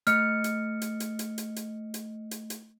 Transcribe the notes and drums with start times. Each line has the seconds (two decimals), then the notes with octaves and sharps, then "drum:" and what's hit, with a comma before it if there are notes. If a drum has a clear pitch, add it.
0.07 A3 D#5 F6 C#7, drum: hi-hat
0.44 drum: hi-hat
0.82 drum: hi-hat
1.00 drum: hi-hat
1.19 drum: hi-hat
1.38 drum: hi-hat
1.56 drum: hi-hat
1.94 drum: hi-hat
2.31 drum: hi-hat
2.50 drum: hi-hat